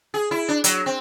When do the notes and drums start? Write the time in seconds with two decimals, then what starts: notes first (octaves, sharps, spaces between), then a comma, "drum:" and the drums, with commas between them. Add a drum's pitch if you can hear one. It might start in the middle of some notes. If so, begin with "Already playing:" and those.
0.14 G#4
0.31 E4
0.48 D4
0.64 F#3, drum: hi-hat
0.86 C4